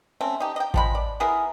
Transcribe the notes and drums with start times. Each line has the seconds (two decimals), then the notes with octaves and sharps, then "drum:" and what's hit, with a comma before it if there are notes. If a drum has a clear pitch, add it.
0.21 A3 C4 C#4
0.40 D#4 G4
0.56 D#5 G5
0.74 F3 G#3 B5, drum: kick A1
0.95 D5
1.20 B3 E4 G#4 A#4